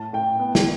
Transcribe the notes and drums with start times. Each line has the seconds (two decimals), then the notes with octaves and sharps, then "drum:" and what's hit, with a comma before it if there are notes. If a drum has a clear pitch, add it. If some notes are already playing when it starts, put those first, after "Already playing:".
Already playing: A2 A5
0.13 A2 G5
0.39 B3
0.55 drum: snare